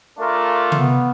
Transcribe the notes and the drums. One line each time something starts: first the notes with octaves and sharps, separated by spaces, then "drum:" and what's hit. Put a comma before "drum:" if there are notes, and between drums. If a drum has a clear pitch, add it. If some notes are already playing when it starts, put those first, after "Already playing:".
A3 D4 F4 A#4
B3, drum: tom